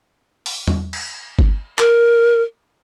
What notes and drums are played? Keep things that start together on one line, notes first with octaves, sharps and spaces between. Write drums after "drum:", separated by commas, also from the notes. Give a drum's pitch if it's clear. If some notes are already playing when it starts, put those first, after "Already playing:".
drum: open hi-hat
drum: tom E2
drum: cymbal
drum: kick G1
A#4, drum: clap